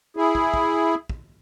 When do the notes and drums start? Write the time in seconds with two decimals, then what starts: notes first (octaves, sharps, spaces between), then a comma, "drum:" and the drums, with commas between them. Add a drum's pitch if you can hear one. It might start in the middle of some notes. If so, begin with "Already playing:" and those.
0.16 E4 G#4
0.35 drum: kick
0.54 drum: kick
1.10 drum: kick